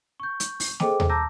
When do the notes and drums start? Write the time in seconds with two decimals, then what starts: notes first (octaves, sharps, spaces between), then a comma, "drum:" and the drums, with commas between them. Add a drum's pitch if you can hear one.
0.20 C#6 G6
0.40 drum: hi-hat
0.60 drum: open hi-hat
0.80 G#4 A4 C5 D#5 G5 D6, drum: snare
1.00 drum: tom D#2
1.09 A5 A#5 D6 E6 G6 A#6